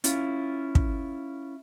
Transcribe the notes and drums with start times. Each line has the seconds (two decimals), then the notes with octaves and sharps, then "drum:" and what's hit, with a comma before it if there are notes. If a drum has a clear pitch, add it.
0.04 C#4 E4 F4, drum: hi-hat
0.75 drum: kick